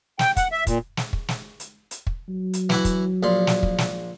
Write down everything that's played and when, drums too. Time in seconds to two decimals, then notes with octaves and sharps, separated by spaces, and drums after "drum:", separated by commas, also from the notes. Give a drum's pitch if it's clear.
0.19 G5, drum: snare
0.37 F#5, drum: kick, hi-hat
0.52 E5
0.67 A#2, drum: kick, hi-hat
0.97 drum: snare
1.13 drum: kick
1.28 drum: snare
1.60 drum: hi-hat
1.91 drum: hi-hat
2.07 drum: kick
2.28 F#3
2.53 drum: hi-hat
2.70 E3 E4 F#4, drum: snare
2.85 drum: kick, hi-hat
3.23 A#1 A#2 C6
3.47 drum: snare
3.63 drum: kick
3.78 drum: snare